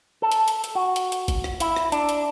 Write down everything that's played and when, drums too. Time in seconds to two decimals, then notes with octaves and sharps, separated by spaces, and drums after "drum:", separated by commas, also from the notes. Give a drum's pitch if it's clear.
0.22 A4
0.32 drum: hi-hat
0.48 drum: hi-hat
0.64 drum: hi-hat
0.75 F#4
0.96 drum: hi-hat
1.12 drum: hi-hat
1.28 drum: kick G1, hi-hat
1.44 drum: rim click
1.60 E4, drum: hi-hat
1.76 drum: rim click
1.92 D4, drum: hi-hat
2.09 drum: hi-hat